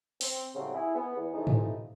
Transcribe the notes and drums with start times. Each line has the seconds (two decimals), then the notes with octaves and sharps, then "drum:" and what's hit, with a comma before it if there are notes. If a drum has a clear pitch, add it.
0.21 C4, drum: open hi-hat
0.55 A2 C#3 F#3 G3 C4
0.74 E4 G#4
0.95 B3
1.16 E2
1.33 C3 E3 F3 A3 D#4
1.47 drum: tom G#2